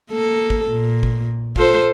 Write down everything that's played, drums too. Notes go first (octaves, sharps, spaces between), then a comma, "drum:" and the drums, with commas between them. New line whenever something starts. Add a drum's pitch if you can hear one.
A#3 A4
drum: kick
A#2
drum: kick
F4 A4 C5, drum: kick